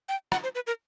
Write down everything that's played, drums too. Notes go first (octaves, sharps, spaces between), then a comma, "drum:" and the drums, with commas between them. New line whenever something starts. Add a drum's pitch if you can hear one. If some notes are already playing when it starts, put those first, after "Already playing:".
G5
F#5, drum: rim click
C5
B4
A#4